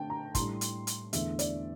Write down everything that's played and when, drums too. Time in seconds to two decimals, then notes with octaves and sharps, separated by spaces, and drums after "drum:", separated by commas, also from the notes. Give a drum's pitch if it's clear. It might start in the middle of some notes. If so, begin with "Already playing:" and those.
Already playing: D3 A3 C4 G5 A5
0.10 A#5
0.35 A2 G3 D4 C6, drum: kick, hi-hat
0.61 drum: hi-hat
0.87 drum: hi-hat
1.13 E2 D3 A3 E5, drum: hi-hat
1.39 D5, drum: hi-hat